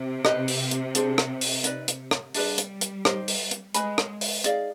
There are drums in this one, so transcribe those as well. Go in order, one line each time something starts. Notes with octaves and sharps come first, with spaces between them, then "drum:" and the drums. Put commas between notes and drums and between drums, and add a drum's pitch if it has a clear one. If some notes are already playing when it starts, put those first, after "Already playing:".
Already playing: C3
D#4 G4 B4 D#5, drum: rim click
drum: open hi-hat
drum: hi-hat
D4 G#4 C5, drum: hi-hat
drum: rim click
drum: open hi-hat
D#4 B4 D5, drum: hi-hat
drum: hi-hat
drum: rim click
G3 D4 G#4 B4 D5, drum: open hi-hat
drum: hi-hat
drum: hi-hat
D#4 G4 C5, drum: rim click
drum: open hi-hat
drum: hi-hat
G#3 B4 D#5 G#5 B5, drum: hi-hat
drum: rim click
drum: open hi-hat
D#4 G#4 D5 F5, drum: hi-hat